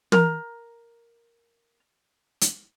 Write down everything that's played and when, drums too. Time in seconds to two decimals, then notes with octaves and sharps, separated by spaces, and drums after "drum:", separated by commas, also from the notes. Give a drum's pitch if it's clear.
0.12 A#4 A#5, drum: tom
2.41 drum: hi-hat